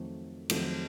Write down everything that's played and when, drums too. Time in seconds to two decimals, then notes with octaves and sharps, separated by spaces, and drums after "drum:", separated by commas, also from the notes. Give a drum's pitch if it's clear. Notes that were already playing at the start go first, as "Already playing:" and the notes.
Already playing: F2 D#3 F#3 A3 C4
0.50 F2 D#3 F#3 A3 C4, drum: cymbal